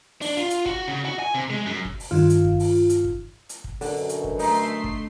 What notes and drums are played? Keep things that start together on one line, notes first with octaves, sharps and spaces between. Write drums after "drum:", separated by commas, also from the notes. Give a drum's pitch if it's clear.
D4, drum: open hi-hat
F4
drum: hi-hat
F#4, drum: kick
C#3
F#4
G#5
C3
G#3
F#2
drum: kick
drum: open hi-hat
G2 D#3 F4
drum: hi-hat
drum: kick
drum: open hi-hat
drum: hi-hat
drum: kick
drum: hi-hat
drum: kick
F#2 B2 D3, drum: open hi-hat
drum: hi-hat
drum: kick
A3 D#4 C6 C7, drum: open hi-hat
drum: kick